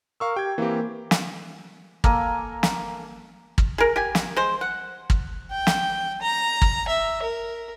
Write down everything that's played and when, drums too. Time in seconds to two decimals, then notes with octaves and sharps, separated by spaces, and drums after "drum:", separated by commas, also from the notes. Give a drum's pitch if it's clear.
0.20 A#4 F5 C#6 E6
0.36 G4 G5 G#6
0.58 E3 A#3 C4 G4
1.11 drum: snare
2.04 A#3 A4 A#4 G#5, drum: kick
2.63 drum: snare
3.58 drum: kick
3.78 G#4 A#4
3.96 G4 G#5
4.15 drum: snare
4.37 G#3 C5
4.61 F#5
5.10 drum: kick
5.51 G5
5.67 drum: snare
6.21 A#5
6.62 drum: kick
6.88 E5
7.23 A#4